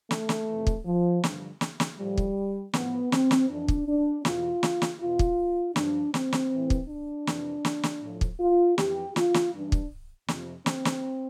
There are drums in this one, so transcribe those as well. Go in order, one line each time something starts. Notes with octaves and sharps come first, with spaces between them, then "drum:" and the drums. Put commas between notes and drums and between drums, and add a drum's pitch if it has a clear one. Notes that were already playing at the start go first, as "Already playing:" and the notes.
A3, drum: snare
drum: snare
F2 C3 E3
drum: kick
F3
G2 D3 F3, drum: snare
drum: snare
drum: snare
A2 F3 G3
drum: kick
A2 F3 B3, drum: snare
C4, drum: snare
drum: snare
F2 E3 D4
drum: kick
D4
E2 B2 F4, drum: snare
drum: snare
drum: snare
E2 B2 F4
drum: kick
G2 F3 D4, drum: snare
C4, drum: snare
drum: snare
A2 E3
drum: kick
D4
F2 C3 E3, drum: snare
drum: snare
drum: snare
A2 F3
drum: kick
F4
F2 E3 G4, drum: snare
F4, drum: snare
drum: snare
G2 E3 D4
drum: kick
F2 C3 F3, drum: snare
C4, drum: snare
drum: snare